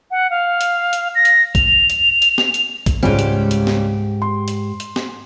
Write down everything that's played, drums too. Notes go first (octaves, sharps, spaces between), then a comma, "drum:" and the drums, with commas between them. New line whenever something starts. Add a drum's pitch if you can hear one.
F#5
F5
drum: hi-hat
drum: hi-hat
A#6
drum: hi-hat
F7, drum: kick A#1, hi-hat
drum: hi-hat
drum: hi-hat
drum: snare
drum: hi-hat
drum: kick A#1, hi-hat
C#2 G#2 G3 C#4 G4
drum: hi-hat
drum: hi-hat
drum: snare
C6
drum: hi-hat
drum: hi-hat
drum: snare